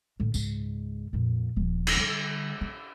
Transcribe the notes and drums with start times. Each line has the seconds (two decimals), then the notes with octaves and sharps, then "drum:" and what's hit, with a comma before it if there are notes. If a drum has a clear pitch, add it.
0.20 A2 D3
0.34 C#2 G#2, drum: tambourine
1.13 F2 A#2
1.56 D#1 F3
1.87 drum: cymbal
1.97 D3 G3
2.61 C#4